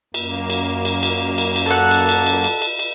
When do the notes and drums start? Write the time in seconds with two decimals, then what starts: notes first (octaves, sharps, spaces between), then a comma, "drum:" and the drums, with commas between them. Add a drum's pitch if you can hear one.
0.14 F#2 A#3, drum: cymbal
0.50 drum: cymbal
0.85 drum: cymbal
1.03 drum: cymbal
1.38 drum: cymbal
1.56 drum: cymbal
1.66 A4 F#5
1.91 drum: cymbal
2.09 drum: cymbal
2.26 drum: cymbal
2.44 drum: cymbal
2.62 drum: cymbal
2.79 drum: cymbal